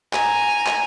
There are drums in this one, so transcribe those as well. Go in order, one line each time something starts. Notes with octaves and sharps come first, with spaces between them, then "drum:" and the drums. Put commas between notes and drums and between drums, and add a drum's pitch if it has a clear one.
G#5 A#5, drum: clap
drum: clap